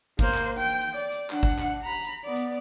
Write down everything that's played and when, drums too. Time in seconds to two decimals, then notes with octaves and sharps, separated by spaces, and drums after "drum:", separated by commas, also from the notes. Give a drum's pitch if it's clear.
0.19 A#3 C5, drum: kick G1, hi-hat
0.34 drum: clap
0.57 G5
0.81 drum: hi-hat
0.95 D5
1.12 drum: hi-hat
1.30 D4 F#5, drum: clap
1.43 drum: kick G1, hi-hat
1.58 drum: clap
1.82 A#5 B5
2.05 drum: hi-hat
2.24 B3 D5
2.36 drum: hi-hat